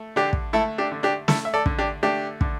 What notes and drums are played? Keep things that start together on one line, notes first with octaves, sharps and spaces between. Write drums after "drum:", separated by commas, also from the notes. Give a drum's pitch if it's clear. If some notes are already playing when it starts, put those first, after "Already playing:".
Already playing: A3
D3 D4 G4
drum: kick
A3 E4 A4
D4 G4
D3
D4 G4
A3 E4 A4, drum: snare
E5
A4 D5
D3, drum: kick
D4 G4
A3 D4 G4
D3, drum: kick